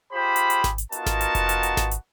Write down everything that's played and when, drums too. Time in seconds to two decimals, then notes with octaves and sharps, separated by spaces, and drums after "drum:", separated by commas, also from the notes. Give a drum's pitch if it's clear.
0.13 F4 G4 G#4 C5 B5
0.36 drum: hi-hat
0.50 drum: hi-hat
0.64 drum: snare G#1
0.78 drum: hi-hat
0.92 B3 D#4 F4 F#4 A#4 A5, drum: hi-hat
1.06 drum: snare G#1
1.21 drum: hi-hat
1.35 drum: kick F1, hi-hat
1.49 drum: hi-hat
1.63 drum: hi-hat
1.77 drum: snare G#1
1.91 drum: hi-hat